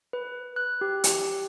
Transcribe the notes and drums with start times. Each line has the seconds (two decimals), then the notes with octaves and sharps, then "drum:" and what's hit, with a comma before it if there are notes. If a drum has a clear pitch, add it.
0.13 B4
0.56 F#6
0.81 G4
1.04 drum: hi-hat